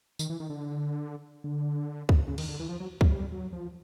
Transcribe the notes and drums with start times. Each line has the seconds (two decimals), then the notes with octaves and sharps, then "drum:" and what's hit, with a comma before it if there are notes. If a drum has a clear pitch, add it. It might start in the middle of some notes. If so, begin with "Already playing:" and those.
0.19 D#3, drum: tambourine
0.30 E3
0.40 D#3
0.50 D3
1.44 D3
2.09 drum: kick C#2
2.28 C#3
2.38 D#3, drum: cymbal
2.49 D3
2.60 E3
2.69 F3
2.80 F#3
3.01 F#3, drum: kick C#2
3.11 G3
3.32 F#3
3.53 F3